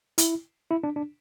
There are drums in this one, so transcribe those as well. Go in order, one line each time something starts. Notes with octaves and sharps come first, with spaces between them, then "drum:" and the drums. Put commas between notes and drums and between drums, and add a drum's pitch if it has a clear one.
E4, drum: hi-hat
E4
D4
D4